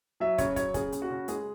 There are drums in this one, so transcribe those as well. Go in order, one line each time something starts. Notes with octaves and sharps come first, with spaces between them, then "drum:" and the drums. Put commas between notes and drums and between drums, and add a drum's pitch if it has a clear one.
F#3 E5
C#3 C#5, drum: kick, hi-hat
F#3 C#5, drum: kick, hi-hat
C#3 G#4, drum: kick, hi-hat
C#3, drum: hi-hat
F#4
C#3
G#3 G#4, drum: hi-hat